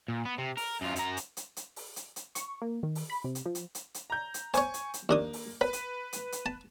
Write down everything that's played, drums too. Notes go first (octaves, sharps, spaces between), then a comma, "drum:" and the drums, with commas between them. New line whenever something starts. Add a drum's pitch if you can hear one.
A#2
B3
C3
A#4, drum: open hi-hat
F#2 F4
F#2 A#5, drum: hi-hat
drum: hi-hat
drum: hi-hat
drum: hi-hat
drum: open hi-hat
drum: hi-hat
drum: hi-hat
C#6, drum: hi-hat
A#3
D#3
drum: open hi-hat
B5
C3
drum: hi-hat
F3
drum: hi-hat
drum: hi-hat
drum: hi-hat
A#5 G6
drum: hi-hat
C5 C#5 G#5 C#6, drum: hi-hat
drum: hi-hat
drum: hi-hat
D#2 A#3 D4 D#6
drum: open hi-hat
B4 B5
drum: hi-hat
drum: hi-hat
drum: hi-hat
A5